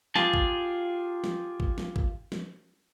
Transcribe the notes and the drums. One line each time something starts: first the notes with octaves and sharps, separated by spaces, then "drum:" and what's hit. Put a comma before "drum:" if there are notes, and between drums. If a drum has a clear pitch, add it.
F4 G4 G#4 A5, drum: snare
drum: kick
drum: snare
drum: kick
drum: snare
drum: kick
drum: snare